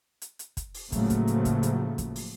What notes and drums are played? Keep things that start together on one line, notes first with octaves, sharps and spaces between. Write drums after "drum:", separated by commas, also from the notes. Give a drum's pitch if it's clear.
drum: hi-hat
drum: hi-hat
drum: kick, hi-hat
drum: open hi-hat
A2 C#3 F3 F#3 A3 A#3, drum: kick, hi-hat
drum: kick, hi-hat
drum: hi-hat
drum: kick, hi-hat
drum: hi-hat
drum: kick, hi-hat
drum: open hi-hat